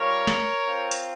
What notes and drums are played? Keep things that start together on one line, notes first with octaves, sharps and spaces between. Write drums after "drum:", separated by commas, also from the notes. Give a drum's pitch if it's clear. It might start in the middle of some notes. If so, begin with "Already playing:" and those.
Already playing: G3 C#4 F4 A#4 C#5
drum: snare
C4 F4
drum: hi-hat